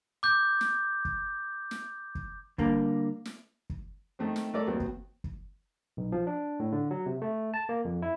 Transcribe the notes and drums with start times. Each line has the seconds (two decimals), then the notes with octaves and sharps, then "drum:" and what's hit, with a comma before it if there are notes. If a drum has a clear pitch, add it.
0.23 D6 G6
0.61 drum: snare
1.05 drum: kick
1.71 drum: snare
2.15 drum: kick
2.58 D3 G3 A#3, drum: kick
3.25 drum: snare
3.70 drum: kick
4.19 D#3 A3 C4
4.36 drum: snare
4.54 A3 A4 A#4 D5
4.67 D#2 F#3 B3 C4
4.80 drum: kick
5.24 drum: kick
5.97 B1
6.12 F3
6.27 D4
6.60 A2
6.72 D3
6.91 F#3
7.06 C3
7.22 A3
7.54 A5
7.69 A#3
7.85 F2
8.02 E4